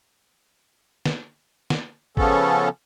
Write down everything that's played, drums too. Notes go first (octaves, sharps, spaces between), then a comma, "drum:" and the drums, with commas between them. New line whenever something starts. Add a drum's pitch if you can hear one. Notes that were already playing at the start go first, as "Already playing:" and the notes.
drum: snare
drum: snare
C#3 F3 B3 C#4 A4, drum: kick